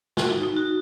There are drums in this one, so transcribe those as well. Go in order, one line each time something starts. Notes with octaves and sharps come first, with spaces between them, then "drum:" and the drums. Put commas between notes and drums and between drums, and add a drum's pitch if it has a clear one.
F#4, drum: snare
D#4
D#4
F#4